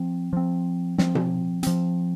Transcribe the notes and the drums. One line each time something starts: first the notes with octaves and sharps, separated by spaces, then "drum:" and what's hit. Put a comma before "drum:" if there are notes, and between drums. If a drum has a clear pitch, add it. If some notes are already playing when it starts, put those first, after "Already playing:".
Already playing: F3 C4
F3 C4
F3 C4, drum: snare
drum: tom B2
F3 C4, drum: hi-hat